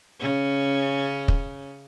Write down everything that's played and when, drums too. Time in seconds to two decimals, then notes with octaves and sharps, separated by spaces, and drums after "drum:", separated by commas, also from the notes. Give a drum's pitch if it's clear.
0.20 C#3 C#4
1.28 drum: kick